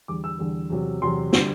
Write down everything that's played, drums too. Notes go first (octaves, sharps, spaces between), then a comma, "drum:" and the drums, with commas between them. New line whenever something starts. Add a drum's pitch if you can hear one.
E2 D3 G3 D6
E6
E2 D3 G3
E2 C3 F#3
E2 C3 F#3 C6
D3 G3, drum: snare